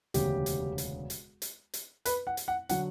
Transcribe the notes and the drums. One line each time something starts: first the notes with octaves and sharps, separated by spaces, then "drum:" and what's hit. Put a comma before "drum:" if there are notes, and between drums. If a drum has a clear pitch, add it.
E1 D2 C#3 G4, drum: hi-hat
drum: hi-hat
drum: hi-hat
drum: hi-hat
drum: hi-hat
drum: hi-hat
B4, drum: hi-hat
F#5
drum: hi-hat
F#5
D3 F#3 F#5, drum: hi-hat